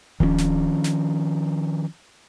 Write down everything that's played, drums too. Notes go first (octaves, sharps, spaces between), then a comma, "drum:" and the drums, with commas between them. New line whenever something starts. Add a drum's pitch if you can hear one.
D#3 F3 A3 C#4, drum: kick D1
drum: snare
drum: snare